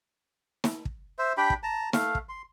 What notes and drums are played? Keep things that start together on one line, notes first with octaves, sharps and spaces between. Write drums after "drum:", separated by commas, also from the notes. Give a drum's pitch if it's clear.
drum: snare
drum: kick
C5 E5
D4 G4 G5 B5
drum: kick
A5 A#5
A3 F5, drum: snare
drum: kick
C6